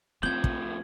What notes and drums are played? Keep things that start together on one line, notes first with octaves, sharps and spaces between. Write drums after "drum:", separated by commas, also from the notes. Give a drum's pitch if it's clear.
A2 F3 C4 G6 G#6 F#7
drum: kick